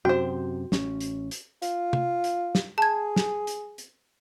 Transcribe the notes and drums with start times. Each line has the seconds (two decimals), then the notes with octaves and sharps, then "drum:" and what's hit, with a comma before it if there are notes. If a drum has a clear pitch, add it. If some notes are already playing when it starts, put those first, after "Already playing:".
0.05 F#2 C3 F#4 C5 G5
0.72 A1 C#4, drum: snare
1.01 drum: hi-hat
1.31 drum: hi-hat
1.62 F4, drum: hi-hat
1.93 drum: tom
2.24 drum: hi-hat
2.55 drum: snare
2.78 G#4 A5 G#6
3.16 drum: snare
3.47 drum: hi-hat
3.78 drum: hi-hat